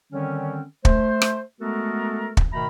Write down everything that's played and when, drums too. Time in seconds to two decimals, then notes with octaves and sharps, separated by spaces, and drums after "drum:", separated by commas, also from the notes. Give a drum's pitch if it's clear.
0.12 D3 D#3 G3 C4 C#4
0.85 A3 C5, drum: kick
1.22 drum: rim click
1.60 G#3 A3 B3 F#4 A4 A#4
2.37 drum: kick
2.52 G#2 B2 D#3 A3 A#5 B5